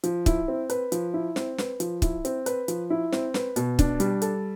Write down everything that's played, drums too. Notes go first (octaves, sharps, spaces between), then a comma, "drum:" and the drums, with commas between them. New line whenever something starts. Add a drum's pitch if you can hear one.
F3, drum: hi-hat
E4, drum: kick, hi-hat
C4
B4, drum: hi-hat
F3, drum: hi-hat
E4
C4, drum: snare
B4, drum: snare
F3, drum: hi-hat
E4, drum: kick, hi-hat
C4, drum: hi-hat
B4, drum: hi-hat
F3, drum: hi-hat
E4
C4, drum: snare
B4, drum: snare
B2, drum: hi-hat
D4, drum: kick, hi-hat
G3, drum: hi-hat
A4, drum: hi-hat